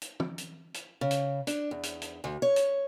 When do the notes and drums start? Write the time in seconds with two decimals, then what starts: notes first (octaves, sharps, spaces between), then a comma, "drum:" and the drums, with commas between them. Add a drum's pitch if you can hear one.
0.02 drum: hi-hat
0.20 drum: tom
0.38 drum: hi-hat
0.74 drum: hi-hat
1.01 C#3
1.11 drum: hi-hat
1.47 D4, drum: hi-hat
1.71 E2
1.83 drum: hi-hat
2.02 drum: hi-hat
2.24 D2
2.42 C#5
2.56 drum: hi-hat